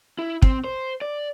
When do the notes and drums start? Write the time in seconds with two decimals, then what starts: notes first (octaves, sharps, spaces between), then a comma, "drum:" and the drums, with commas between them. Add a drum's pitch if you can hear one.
0.19 E4
0.42 C4, drum: kick
0.64 C5
1.01 D5